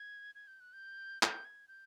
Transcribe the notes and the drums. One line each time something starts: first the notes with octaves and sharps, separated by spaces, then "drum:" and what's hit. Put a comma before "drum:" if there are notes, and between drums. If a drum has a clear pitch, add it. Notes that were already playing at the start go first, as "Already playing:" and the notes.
Already playing: G#6
G#6
G6
F#6
G6
G6, drum: clap
G#6
G6